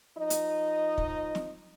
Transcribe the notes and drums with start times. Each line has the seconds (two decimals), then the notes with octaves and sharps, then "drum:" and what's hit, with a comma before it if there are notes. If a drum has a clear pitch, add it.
0.17 F3 D#4 D#5
0.30 drum: hi-hat
0.98 drum: kick
1.35 drum: snare